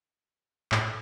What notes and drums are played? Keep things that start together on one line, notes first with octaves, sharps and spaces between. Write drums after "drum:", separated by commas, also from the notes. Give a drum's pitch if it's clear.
A2, drum: clap